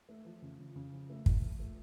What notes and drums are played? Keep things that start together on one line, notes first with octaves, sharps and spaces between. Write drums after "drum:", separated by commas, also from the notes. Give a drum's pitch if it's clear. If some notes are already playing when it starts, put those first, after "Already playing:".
A3
F3
C#3
C#3
C#3
F3
A3
F3, drum: kick
F3
A3